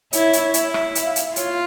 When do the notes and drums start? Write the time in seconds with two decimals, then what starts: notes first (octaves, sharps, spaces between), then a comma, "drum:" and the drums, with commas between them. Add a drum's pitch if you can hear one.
0.13 E4 C#5, drum: hi-hat
0.33 drum: hi-hat
0.54 E4, drum: hi-hat
0.74 drum: rim click
0.95 E5, drum: hi-hat
1.05 F5
1.16 F5, drum: hi-hat
1.25 E5
1.36 F4 C#5, drum: hi-hat